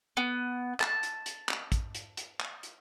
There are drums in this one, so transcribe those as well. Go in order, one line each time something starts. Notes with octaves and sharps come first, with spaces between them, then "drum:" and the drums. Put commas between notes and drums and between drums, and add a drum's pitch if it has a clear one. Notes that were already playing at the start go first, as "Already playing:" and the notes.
B3
A5, drum: clap
drum: hi-hat
drum: hi-hat
drum: clap
drum: kick, hi-hat
drum: hi-hat
drum: hi-hat
drum: clap
drum: hi-hat